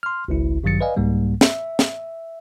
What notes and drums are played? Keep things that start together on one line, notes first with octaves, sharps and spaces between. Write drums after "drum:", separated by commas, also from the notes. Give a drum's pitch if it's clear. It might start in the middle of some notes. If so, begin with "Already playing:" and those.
C6 F6
G#1 C#2 E4
A1 G2 D#3 F#3 A6 C#7
B4 D5 D#5 F5 G#5
C2 G#2 G3 A#3
E5, drum: snare
drum: snare